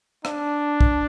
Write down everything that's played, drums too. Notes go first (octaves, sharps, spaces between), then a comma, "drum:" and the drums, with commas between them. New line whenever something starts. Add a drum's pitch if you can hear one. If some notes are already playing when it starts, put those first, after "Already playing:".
D4, drum: rim click
drum: kick